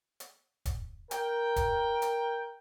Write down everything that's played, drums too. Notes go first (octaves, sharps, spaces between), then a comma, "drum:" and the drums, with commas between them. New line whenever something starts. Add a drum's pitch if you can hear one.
drum: hi-hat
drum: kick, hi-hat
A#4 G5, drum: hi-hat
drum: kick, hi-hat
drum: hi-hat